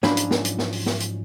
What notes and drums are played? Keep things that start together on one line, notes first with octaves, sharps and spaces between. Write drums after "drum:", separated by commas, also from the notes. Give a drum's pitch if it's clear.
G#2 F3 F#3 C#4 D4 B5, drum: snare
drum: hi-hat
drum: snare
drum: hi-hat
drum: snare
drum: open hi-hat
drum: snare
drum: hi-hat